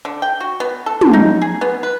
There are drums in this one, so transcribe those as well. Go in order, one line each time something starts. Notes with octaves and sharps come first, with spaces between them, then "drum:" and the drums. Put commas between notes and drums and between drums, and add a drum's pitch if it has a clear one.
D3
G5
F#4
B3
A4
drum: tom
D#4
G#4
B3
B4